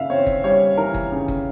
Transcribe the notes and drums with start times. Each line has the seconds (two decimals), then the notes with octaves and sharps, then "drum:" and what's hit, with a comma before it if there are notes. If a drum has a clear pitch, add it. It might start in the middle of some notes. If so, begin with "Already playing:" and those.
Already playing: C#3 E3 E5 F5
0.10 C4 C#5
0.27 drum: kick F#1
0.44 G3 C#5
0.77 E3 A#4
0.94 drum: kick F#1
1.12 C#3
1.28 drum: kick F#1